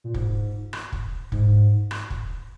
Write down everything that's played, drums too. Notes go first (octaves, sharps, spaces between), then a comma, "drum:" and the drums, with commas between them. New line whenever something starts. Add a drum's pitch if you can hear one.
A#2
G#2, drum: kick
drum: rim click
drum: kick
G#2, drum: kick
drum: rim click
drum: kick